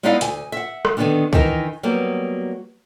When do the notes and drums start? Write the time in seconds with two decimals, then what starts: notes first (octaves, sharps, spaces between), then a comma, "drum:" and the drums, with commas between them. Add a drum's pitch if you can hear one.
0.03 G#3 B3 D#4 E4 D5 F5
0.21 D2 G#5, drum: hi-hat
0.52 E5 F#5
0.85 drum: rim click
0.97 D3 D#3 F#3 B3 C#4 D4
1.33 D#3 E3 D#4 A#4, drum: kick
1.83 F#3 G3 A#3 B3